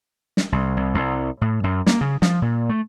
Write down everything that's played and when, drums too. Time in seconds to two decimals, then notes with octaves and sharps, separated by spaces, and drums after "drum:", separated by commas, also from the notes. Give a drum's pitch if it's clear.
0.37 drum: snare
0.52 C2
0.77 C2
0.94 C2
1.41 A2
1.64 F#2
1.86 A#3, drum: snare
2.01 C#3
2.22 F3, drum: snare
2.42 A#2
2.69 A3